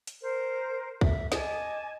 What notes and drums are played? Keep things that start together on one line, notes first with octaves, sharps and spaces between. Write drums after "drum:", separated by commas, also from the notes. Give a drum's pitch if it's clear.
drum: hi-hat
A#4 C5
E5, drum: kick
D#5 G#5 A5 D6, drum: snare